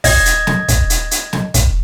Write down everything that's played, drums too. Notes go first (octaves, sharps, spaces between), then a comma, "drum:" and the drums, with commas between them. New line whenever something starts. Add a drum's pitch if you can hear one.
D#5 G#6, drum: kick, open hi-hat
drum: hi-hat
drum: snare
drum: kick, hi-hat
drum: hi-hat
drum: hi-hat
drum: snare
drum: kick, hi-hat